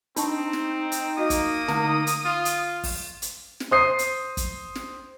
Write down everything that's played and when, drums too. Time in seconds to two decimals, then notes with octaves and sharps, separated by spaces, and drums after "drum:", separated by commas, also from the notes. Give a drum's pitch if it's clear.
0.16 C4 D4 D#4 A5 C#6, drum: hi-hat
0.53 drum: snare
0.92 drum: hi-hat
1.18 A#3 F#4 D#5 D#6
1.30 drum: kick, hi-hat
1.68 D3 A3, drum: snare
2.07 drum: hi-hat
2.25 F4
2.45 drum: hi-hat
2.84 drum: kick, open hi-hat
3.22 drum: hi-hat
3.60 drum: snare
3.71 C5 D#6 C7
3.99 drum: hi-hat
4.37 drum: kick, hi-hat
4.75 drum: snare